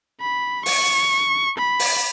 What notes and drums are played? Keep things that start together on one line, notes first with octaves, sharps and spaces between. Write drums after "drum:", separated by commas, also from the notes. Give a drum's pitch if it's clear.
B5
C#6, drum: open hi-hat
B5
drum: open hi-hat